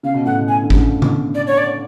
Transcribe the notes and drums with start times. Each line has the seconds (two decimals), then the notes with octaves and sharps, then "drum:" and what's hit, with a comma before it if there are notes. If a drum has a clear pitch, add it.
0.03 C#3 F5
0.14 B2
0.25 A2 F#5
0.36 B2
0.48 G#5
0.63 D3
0.70 C#3, drum: kick
1.02 B2, drum: tom C#3
1.35 D5
1.47 C#5
1.58 D5